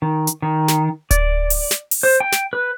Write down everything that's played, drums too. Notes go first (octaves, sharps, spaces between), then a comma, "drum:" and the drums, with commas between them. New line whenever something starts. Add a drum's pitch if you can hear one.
D#3
drum: hi-hat
D#3
drum: snare
D5, drum: kick D1, hi-hat
drum: open hi-hat
drum: snare
drum: open hi-hat
C5
G5
drum: snare
B4